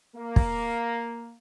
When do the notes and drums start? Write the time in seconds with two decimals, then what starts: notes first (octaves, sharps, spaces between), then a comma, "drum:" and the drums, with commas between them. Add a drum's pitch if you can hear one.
0.16 A#3
0.36 drum: kick